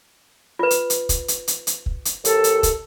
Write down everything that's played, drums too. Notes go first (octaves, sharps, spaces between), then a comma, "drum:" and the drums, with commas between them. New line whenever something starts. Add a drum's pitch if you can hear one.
F4 B4
drum: hi-hat
drum: hi-hat
drum: kick, hi-hat
drum: hi-hat
drum: hi-hat
drum: hi-hat
drum: kick
drum: hi-hat
D#2 A4, drum: hi-hat
drum: hi-hat
drum: kick, hi-hat